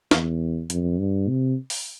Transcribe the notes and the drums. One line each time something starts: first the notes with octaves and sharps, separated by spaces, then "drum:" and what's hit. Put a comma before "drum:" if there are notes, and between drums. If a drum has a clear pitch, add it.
E2, drum: snare
F2, drum: hi-hat
G2
C3
drum: open hi-hat